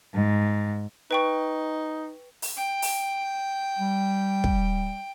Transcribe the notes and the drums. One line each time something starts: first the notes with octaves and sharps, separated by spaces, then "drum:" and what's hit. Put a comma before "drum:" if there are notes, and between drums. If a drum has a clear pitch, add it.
G#2
D#4 B4 G5 C#6
drum: open hi-hat
G5
drum: open hi-hat
G3
drum: kick